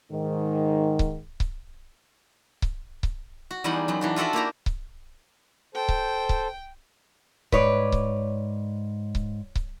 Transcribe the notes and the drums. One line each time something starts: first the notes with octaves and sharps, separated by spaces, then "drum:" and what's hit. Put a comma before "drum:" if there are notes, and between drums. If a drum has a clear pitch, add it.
G#2 D#3
drum: kick C#1
drum: kick C#1
drum: kick C#1
drum: kick C#1
F#4
E2 G3 D#4 G#4 F#5
F#2 F#3
E3 D4 F#4
F4 F#4 A4 D5 E5
A#3 E4 G4 A#5
drum: kick C#1
A4 C5 G5
drum: kick C#1
drum: kick C#1
G#2 B4 C#5 D5, drum: kick C#1
drum: kick C#1
drum: kick C#1
drum: kick C#1